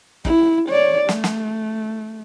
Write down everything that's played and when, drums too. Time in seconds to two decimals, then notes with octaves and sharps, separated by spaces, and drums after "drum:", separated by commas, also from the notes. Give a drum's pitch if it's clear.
0.25 E4, drum: kick
0.69 C#5 D5
1.09 A3, drum: snare
1.24 drum: snare